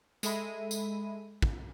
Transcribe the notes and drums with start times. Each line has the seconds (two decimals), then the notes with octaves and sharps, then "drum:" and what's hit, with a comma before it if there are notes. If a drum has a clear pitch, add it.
0.23 G#3 A4 E5 B5 D#7, drum: tambourine
0.71 drum: tambourine
1.42 drum: kick